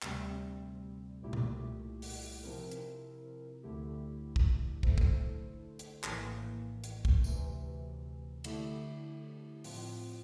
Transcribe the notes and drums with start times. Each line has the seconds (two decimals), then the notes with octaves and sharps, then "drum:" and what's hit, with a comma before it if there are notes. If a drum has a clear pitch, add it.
0.02 D2 C3 G3 C4, drum: clap
1.22 C2 A#2 A3 E4 G4
1.33 drum: tom A#2
2.02 drum: open hi-hat
2.43 C3 F3 C4 E4 A#4
2.71 drum: hi-hat
3.63 D2 D3 A3 E4 G4
4.36 drum: kick
4.83 D3 A3 E4 A4 C5, drum: kick
4.98 drum: kick
5.79 drum: hi-hat
6.03 A#1 A2 E3 A#3, drum: clap
6.84 drum: hi-hat
7.05 drum: kick
7.24 D2 C3 E3, drum: tambourine
8.44 D3 A3 E4 G4, drum: cymbal
9.64 A2 F3 C4 F4, drum: open hi-hat